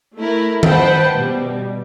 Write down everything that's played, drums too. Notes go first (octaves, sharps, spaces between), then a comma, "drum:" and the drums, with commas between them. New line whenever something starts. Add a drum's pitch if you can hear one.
A3 E4 A#4
B4 C5 F#5 G5 A5, drum: tom D#3
B2 G3